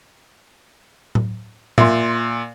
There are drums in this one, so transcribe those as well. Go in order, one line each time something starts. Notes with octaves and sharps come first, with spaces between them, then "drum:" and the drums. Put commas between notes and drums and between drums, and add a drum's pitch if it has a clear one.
drum: tom A2
A#2 E5 C6, drum: tom A2